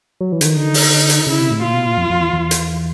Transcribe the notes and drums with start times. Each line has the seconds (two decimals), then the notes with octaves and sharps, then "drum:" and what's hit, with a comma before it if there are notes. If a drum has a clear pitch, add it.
0.21 F#3
0.32 E3
0.41 D3, drum: hi-hat
0.45 D#3
0.56 D3 D#4
0.74 drum: open hi-hat
1.10 drum: hi-hat
1.27 C#3 E4
1.40 C3
1.51 A2
1.62 A#2 F4
1.74 B2
1.86 A#2
1.97 F2
2.10 F2
2.21 E2
2.33 E2
2.51 drum: hi-hat